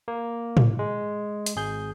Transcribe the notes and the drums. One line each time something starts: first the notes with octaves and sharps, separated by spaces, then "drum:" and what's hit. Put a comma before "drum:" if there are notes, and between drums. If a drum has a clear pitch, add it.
A#3
drum: tom
G#3
drum: hi-hat
G#1 G#4 G6